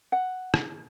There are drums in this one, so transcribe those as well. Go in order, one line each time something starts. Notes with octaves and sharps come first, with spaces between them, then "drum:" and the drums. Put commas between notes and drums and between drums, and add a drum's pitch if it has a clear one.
F#5
drum: rim click